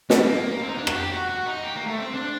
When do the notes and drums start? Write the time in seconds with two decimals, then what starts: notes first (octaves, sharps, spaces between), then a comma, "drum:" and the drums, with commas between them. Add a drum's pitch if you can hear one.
0.10 G3, drum: snare
0.26 A#3
0.61 C4
0.69 D#4
0.78 D4
0.87 F#4, drum: rim click
0.95 G4
1.12 F#4
1.29 F#4
1.46 D#4
1.63 G4
1.75 A#3
1.87 A3
1.97 C4
2.14 D4